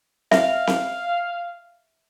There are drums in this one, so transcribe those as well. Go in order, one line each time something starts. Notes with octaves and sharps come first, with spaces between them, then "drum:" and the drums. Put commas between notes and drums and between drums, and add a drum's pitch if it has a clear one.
E5 F5, drum: snare C4
drum: snare C4